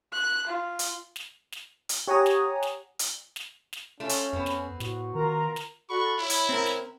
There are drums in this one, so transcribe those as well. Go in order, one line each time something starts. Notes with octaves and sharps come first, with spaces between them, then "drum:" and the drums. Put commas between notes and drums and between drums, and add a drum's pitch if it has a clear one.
F#6
F4
drum: hi-hat
drum: snare
drum: snare
drum: hi-hat
G4 C#5 F#5 G#5 A#5 D#6
drum: snare
drum: snare
drum: hi-hat
drum: snare
drum: snare
A3 C#4 F4
drum: hi-hat
F2 B3 C4
drum: snare
A2 F#4, drum: snare
D#3 F4 A#4 A#5
drum: snare
F#4 A4 D5 B5 C#6
E4 C#5
drum: hi-hat
C4 A#4
drum: snare